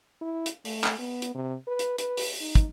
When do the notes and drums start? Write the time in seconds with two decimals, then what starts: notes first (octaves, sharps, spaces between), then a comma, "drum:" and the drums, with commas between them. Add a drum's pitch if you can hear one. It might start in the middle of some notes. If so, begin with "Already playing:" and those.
0.21 E4
0.46 drum: hi-hat
0.65 A3, drum: open hi-hat
0.84 drum: clap
0.99 B3
1.22 drum: hi-hat
1.35 C3
1.67 B4
1.79 drum: hi-hat
1.98 B4, drum: hi-hat
2.17 drum: open hi-hat
2.41 D#4
2.55 drum: kick, hi-hat